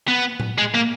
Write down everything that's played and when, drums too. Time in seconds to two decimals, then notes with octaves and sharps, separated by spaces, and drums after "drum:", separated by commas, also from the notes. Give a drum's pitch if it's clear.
0.08 B3
0.40 drum: tom A2
0.58 G#3
0.74 A#3